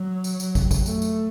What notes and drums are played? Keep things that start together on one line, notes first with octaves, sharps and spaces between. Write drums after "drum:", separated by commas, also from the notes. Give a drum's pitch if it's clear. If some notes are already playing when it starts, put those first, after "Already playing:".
Already playing: F#3
drum: tambourine
drum: tambourine
drum: kick, tambourine
drum: kick, tambourine
A3, drum: tambourine
drum: tambourine